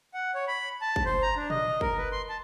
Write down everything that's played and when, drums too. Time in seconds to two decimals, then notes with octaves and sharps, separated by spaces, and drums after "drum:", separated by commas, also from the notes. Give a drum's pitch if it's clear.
0.14 F#5
0.34 C#5
0.48 B5
0.81 A5
0.96 drum: kick
1.05 C5
1.22 A#5
1.36 D4
1.50 D#5, drum: tom
1.81 A#4, drum: kick
1.98 B4
2.12 C6
2.29 A5